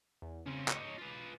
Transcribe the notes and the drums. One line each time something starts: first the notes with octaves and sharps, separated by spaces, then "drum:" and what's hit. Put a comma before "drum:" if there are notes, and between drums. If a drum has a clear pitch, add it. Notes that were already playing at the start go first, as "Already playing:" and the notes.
E2
C#3 C4 C#4
D#4 C#5 D6, drum: clap
F4 B4